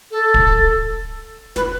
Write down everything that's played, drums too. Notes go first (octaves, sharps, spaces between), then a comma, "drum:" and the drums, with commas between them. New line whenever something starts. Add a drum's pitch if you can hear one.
A4
drum: kick
B4, drum: snare